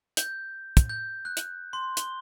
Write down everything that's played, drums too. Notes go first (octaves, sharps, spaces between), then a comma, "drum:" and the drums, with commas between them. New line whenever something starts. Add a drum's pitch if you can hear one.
G6, drum: hi-hat
drum: kick, hi-hat
G6
F#6
drum: hi-hat
C6
G7, drum: hi-hat